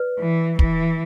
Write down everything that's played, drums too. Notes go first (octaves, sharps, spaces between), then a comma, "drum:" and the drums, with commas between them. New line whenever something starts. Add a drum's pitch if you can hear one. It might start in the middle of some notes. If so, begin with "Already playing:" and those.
Already playing: B4 D5
E3
E3, drum: kick